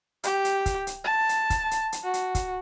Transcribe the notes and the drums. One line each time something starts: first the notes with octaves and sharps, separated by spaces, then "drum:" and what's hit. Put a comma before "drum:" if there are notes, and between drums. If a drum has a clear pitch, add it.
G4, drum: hi-hat
drum: hi-hat
drum: kick, hi-hat
drum: hi-hat
A5
drum: hi-hat
drum: kick, hi-hat
drum: hi-hat
drum: hi-hat
F#4
drum: hi-hat
drum: kick, hi-hat